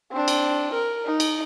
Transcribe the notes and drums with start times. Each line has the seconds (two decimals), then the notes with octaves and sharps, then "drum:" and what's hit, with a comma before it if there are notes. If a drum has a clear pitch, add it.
0.12 C4 D4
0.28 drum: cymbal
0.74 A#4
1.05 D#4
1.20 drum: cymbal